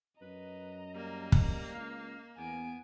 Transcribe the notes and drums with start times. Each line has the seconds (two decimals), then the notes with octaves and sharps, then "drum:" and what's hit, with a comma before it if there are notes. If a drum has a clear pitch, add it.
0.21 F#2 B4 D#5 A#5
0.95 G3 A#3
1.32 drum: kick
1.74 C#2 F5
2.37 E2 B3 G#5 D7